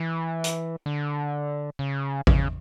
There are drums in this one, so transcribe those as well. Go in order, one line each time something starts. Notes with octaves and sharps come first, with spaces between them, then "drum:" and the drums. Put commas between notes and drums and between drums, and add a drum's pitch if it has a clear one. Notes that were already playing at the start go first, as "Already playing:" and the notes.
Already playing: E3
drum: hi-hat
D3
C#3
C#3, drum: kick G#1